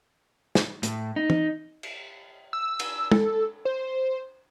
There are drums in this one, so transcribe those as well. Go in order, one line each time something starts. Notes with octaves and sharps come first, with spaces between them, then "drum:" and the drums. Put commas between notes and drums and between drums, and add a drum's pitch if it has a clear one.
drum: snare
A2, drum: hi-hat
D#4
drum: tom
drum: cymbal
E6
drum: cymbal
A4, drum: tom
C5